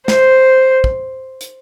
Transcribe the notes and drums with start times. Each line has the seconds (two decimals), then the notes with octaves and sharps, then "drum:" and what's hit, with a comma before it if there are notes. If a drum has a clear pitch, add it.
0.08 C5, drum: snare
0.84 drum: kick
1.41 drum: hi-hat